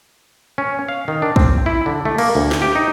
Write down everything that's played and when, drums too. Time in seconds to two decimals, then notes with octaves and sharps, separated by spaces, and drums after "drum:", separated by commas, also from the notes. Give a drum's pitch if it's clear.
0.58 C#4
0.88 F5
1.08 D#3
1.22 D4
1.36 C4, drum: kick
1.66 E4
1.86 D3
2.05 A3
2.18 A#3, drum: cymbal
2.35 D2
2.51 drum: snare
2.62 G4
2.75 D#4